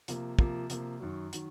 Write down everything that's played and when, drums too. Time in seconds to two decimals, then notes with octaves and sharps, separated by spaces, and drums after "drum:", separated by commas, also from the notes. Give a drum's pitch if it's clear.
0.08 C3 F3 A#3, drum: hi-hat
0.39 C3 F3 A#3, drum: kick
0.70 C3 F3 A#3, drum: hi-hat
1.00 F#2 D#3 F#3
1.33 D#3 F#3, drum: hi-hat